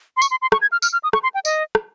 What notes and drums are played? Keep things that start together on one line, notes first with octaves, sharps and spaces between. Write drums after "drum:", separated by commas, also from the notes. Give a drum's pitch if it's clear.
C6
C#6, drum: tambourine
C6
C6
C#6, drum: rim click
G#6
F6
F6, drum: tambourine
F6
D#6
C#6, drum: rim click
C6
G5
D#5, drum: tambourine
drum: rim click